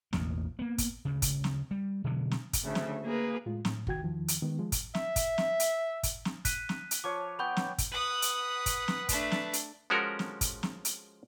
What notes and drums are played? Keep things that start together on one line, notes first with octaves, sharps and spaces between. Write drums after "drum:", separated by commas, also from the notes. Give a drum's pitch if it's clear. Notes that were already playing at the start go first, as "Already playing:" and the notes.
A1 E2 B2 A#3, drum: snare
A#3 B3
drum: kick, hi-hat
D2 C#3
drum: kick, hi-hat
drum: snare
G3
B2 D3 E3 F#3
drum: snare
drum: kick, hi-hat
D2 C#3 A3 E5
drum: snare
A#3 G#4 A#4 B4
A2 G#3 F4
A2, drum: snare
C2 D#3 F#4 G5 G#6, drum: kick
E2 D#3 F3
drum: hi-hat
D#3 G#3 B3
F3 G#3
drum: kick, hi-hat
E5, drum: snare
drum: kick, hi-hat
drum: snare
drum: hi-hat
drum: kick, hi-hat
drum: snare
F#6 B6 D#7, drum: kick, hi-hat
drum: snare
drum: hi-hat
F3 C#5 F5 D6
B3 G5 B5 C#6 G6
drum: snare
drum: kick, hi-hat
B4 F#5 D#6
drum: hi-hat
drum: kick, hi-hat
drum: snare
A3 D4, drum: kick, hi-hat
drum: snare
drum: hi-hat
F3 G#3 C#4 F#4 A4 A#4
drum: snare
drum: kick, hi-hat
drum: snare
drum: hi-hat